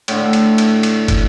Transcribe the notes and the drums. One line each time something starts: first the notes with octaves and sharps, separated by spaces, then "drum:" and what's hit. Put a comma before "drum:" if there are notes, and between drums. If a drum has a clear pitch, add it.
A2 D3, drum: cymbal
drum: cymbal
drum: cymbal
drum: cymbal
drum: kick, cymbal